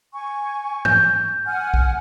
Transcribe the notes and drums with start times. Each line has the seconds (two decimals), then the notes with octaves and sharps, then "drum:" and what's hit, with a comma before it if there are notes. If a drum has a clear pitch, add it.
0.14 G#5 C#6
0.85 G6, drum: tom G#2
1.46 F#5 G#5 F6
1.74 drum: kick